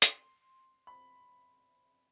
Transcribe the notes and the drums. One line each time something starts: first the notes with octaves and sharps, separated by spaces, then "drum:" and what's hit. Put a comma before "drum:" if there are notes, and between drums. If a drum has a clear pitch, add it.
C6, drum: hi-hat
B5